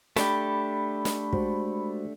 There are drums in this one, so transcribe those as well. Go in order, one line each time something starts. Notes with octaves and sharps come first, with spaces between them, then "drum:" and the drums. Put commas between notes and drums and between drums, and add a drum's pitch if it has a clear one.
A3 D4 G4 B5, drum: snare
drum: snare
G#3 F#4 C5, drum: kick